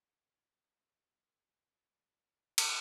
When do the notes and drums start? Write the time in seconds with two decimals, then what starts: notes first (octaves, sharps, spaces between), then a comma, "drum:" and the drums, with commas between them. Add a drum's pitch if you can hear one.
0.23 C#4 F#4 A4 B4
0.76 G2 A3 F4 C#5 E5
1.02 G2 A#4
1.64 B3 D4 E4 A#4 F#5 G#5
2.20 D4 E4 G4
2.58 A#2, drum: cymbal